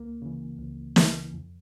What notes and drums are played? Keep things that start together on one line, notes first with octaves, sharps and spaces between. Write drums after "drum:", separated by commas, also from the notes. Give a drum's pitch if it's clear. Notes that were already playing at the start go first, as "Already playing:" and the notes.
Already playing: C#2 A#3
C#3 E3
C#2
C#3 E3, drum: snare
F2